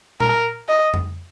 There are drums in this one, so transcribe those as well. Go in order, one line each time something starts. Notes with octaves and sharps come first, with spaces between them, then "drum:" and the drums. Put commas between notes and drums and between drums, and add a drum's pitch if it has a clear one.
A#4, drum: tom A#2
D#5
drum: tom F2